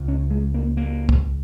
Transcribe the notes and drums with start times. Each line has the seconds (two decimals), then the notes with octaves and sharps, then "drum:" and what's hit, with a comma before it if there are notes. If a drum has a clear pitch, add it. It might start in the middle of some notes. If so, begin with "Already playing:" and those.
Already playing: C#2 C#3
0.08 C#4
0.30 G#3
0.54 A#3
0.77 A#3
1.09 drum: kick